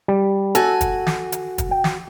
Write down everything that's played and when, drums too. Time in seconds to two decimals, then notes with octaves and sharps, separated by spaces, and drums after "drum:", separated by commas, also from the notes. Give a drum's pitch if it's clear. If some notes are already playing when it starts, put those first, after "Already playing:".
0.08 G3
0.55 F#4 A4 G#5, drum: hi-hat
0.81 drum: kick, hi-hat
1.07 drum: snare
1.32 drum: hi-hat
1.58 drum: kick, hi-hat
1.71 G5
1.84 drum: snare